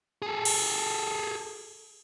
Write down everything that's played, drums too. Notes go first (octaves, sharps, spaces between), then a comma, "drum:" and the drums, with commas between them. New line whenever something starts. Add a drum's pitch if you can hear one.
G#4 A4
drum: cymbal